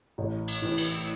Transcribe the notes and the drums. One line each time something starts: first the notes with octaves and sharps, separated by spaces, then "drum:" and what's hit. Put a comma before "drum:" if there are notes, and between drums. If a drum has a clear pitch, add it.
A1
drum: cymbal
A2 E3
drum: cymbal